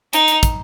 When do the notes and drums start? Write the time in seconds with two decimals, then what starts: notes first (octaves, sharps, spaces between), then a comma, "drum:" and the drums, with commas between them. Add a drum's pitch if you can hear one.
0.13 D#4, drum: hi-hat
0.28 drum: hi-hat
0.43 drum: kick, hi-hat